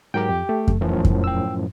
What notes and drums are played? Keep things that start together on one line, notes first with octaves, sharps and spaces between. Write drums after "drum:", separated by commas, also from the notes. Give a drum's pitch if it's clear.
G#2 F#3 G4 A#4 G5
F2
A3
drum: kick F2
F#2 A2 E3 F3
drum: kick F2
G5 E6